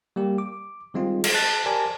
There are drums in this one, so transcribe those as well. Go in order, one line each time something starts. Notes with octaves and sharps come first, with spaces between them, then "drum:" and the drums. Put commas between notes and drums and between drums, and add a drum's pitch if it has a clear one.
G3 A#3 G4
D6
D#3 G3 G#3 C4 D#4 F4
drum: cymbal
A5 F#6 A6 B6
G4 A#4 D5 G#5 A5